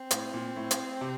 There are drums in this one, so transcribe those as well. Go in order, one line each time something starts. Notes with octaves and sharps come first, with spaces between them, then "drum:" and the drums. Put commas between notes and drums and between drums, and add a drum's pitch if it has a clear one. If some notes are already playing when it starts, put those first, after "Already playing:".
Already playing: C4
A2, drum: hi-hat
A#2
A2
drum: hi-hat
C3